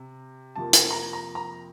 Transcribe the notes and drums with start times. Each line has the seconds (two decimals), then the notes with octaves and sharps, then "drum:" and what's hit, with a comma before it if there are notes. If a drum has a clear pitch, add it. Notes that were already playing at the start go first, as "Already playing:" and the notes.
Already playing: C3
0.56 F2 C3 F3 A#3 A5
0.73 drum: hi-hat
0.91 A#5
1.13 A#5
1.35 A#5